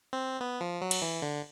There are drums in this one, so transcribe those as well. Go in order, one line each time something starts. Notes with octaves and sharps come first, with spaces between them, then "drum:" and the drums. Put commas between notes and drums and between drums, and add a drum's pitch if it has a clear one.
C4
B3
F3
F#3
drum: cymbal
E3
D3